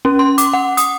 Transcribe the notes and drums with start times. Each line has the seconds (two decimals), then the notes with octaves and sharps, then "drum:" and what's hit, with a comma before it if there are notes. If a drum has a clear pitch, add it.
0.05 C#4
0.19 C6
0.38 D6, drum: hi-hat
0.54 F#5
0.77 D#6, drum: hi-hat